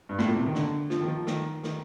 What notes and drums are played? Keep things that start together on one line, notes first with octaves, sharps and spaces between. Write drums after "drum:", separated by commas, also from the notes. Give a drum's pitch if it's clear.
G2
A2, drum: snare
A#2
C3
D#3
D3, drum: snare
F3, drum: snare
D#3
F3
D#3, drum: snare
D#3, drum: snare